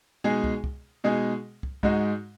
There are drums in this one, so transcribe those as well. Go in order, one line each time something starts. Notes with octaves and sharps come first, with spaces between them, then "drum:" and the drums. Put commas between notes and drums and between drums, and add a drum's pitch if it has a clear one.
B2 G#3 D#4 G#4
drum: kick
drum: kick
B2 G#3 D#4 G#4
drum: kick
G#2 G#3 D#4 F#4, drum: kick